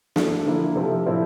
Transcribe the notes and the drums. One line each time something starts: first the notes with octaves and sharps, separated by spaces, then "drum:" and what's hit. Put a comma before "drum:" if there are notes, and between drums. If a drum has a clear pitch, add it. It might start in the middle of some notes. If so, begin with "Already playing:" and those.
E3 A3 D4, drum: snare
D3 F3 A#3 E4
C3 F3 A3
A2 F3 C4 E4